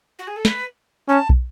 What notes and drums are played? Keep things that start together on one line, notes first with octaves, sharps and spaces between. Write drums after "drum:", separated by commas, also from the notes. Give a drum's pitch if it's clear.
F#4
G#4
A4
B4, drum: snare
C#4 A5
drum: kick